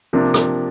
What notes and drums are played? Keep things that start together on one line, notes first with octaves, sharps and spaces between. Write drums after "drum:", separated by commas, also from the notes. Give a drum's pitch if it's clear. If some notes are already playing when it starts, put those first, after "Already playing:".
C3 F3 A#3 D4
drum: rim click